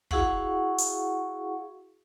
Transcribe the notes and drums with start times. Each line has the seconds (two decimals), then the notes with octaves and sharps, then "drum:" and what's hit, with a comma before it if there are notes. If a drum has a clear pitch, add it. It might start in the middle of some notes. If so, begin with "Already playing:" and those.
0.11 E4 F#4 G#4 F5 F#5 C#6, drum: kick
0.78 drum: hi-hat